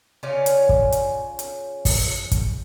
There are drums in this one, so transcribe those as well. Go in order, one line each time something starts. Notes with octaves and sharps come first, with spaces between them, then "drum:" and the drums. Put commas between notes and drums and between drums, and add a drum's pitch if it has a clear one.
C#3 C#4 F4 D5
drum: hi-hat
drum: kick
drum: hi-hat
drum: hi-hat
drum: kick, open hi-hat
drum: kick, hi-hat